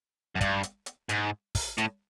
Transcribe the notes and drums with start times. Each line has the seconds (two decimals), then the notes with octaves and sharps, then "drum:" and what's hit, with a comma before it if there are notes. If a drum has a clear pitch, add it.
0.36 F#2
0.41 G2, drum: kick, hi-hat
0.63 drum: hi-hat
0.86 drum: hi-hat
1.09 G#2, drum: hi-hat
1.55 drum: kick, open hi-hat
1.78 A2, drum: hi-hat